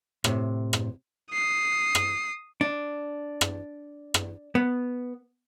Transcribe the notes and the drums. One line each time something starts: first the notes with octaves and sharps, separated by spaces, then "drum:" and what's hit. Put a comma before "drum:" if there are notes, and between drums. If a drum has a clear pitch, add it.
A2 C3, drum: rim click
drum: rim click
D#6 C7
drum: rim click
D4
drum: rim click
drum: rim click
B3